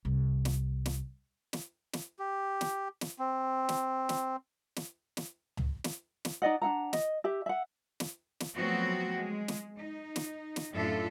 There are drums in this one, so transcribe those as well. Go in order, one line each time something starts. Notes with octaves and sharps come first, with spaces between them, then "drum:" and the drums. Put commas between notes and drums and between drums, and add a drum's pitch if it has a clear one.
C2
drum: snare
drum: snare
drum: snare
drum: snare
G4
drum: snare
drum: snare
C4
drum: snare
drum: snare
drum: snare
drum: snare
drum: tom C#2
drum: snare
drum: snare
D#4 D5 D#5 F#5
D4 D#4 F#5 A#5
D#5, drum: snare
G4 E5
E5 F#5
drum: snare
drum: snare
F3 F#3 A3 B3 C4 F#4
G#3
drum: snare
D#4
drum: snare
drum: snare
F#2 A2 D4 F4 A4 E5